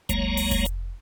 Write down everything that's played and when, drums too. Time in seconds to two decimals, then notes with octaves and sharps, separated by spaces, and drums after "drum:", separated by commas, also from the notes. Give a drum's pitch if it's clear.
0.09 C#2 F#3 G#3 A#3 C#5 A#5, drum: kick F1, hi-hat
0.37 drum: open hi-hat
0.51 drum: kick F1, hi-hat
0.65 drum: hi-hat